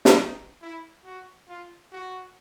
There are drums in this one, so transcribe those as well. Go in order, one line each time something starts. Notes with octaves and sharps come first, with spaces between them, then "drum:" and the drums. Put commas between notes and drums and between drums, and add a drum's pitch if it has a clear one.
drum: snare
D#4
E4
F#4
F4
F#4